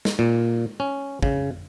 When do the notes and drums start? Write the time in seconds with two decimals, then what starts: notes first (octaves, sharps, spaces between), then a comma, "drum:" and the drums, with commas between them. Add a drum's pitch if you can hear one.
0.05 drum: snare
0.19 A#2
0.80 C#4
1.22 C#3, drum: kick